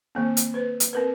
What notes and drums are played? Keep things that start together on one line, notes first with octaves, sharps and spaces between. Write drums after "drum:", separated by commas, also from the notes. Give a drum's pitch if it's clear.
D#3 A#3 C4
drum: hi-hat
B4 C5
drum: hi-hat
C4 A#4 B4